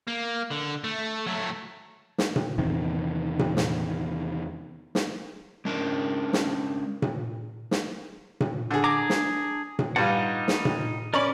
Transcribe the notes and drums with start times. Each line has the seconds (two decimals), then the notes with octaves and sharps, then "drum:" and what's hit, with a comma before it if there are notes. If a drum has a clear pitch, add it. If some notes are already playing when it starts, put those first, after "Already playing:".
0.08 A#3
0.51 D3
0.84 A3
1.27 F#3 A3
2.18 drum: snare
2.36 drum: tom A#2
2.58 E2 C3 D#3
3.39 drum: tom A#2
3.57 drum: snare
4.95 drum: snare
5.65 G#3 C#4 D4 A#4
6.33 drum: snare
7.02 drum: tom A#2
7.71 drum: snare
8.40 drum: tom A#2
8.71 D3 G#4
8.84 D4 G#4 A#5 D6
9.10 drum: snare
9.79 drum: tom A#2
9.96 G2 G3 D#4 F4 F#5
10.48 drum: snare
10.65 drum: tom A#2
11.14 C#4 A#4 D5 B5 D6